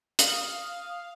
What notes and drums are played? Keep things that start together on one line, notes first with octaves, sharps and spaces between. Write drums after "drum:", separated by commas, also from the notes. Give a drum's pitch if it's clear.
F5 D#6, drum: hi-hat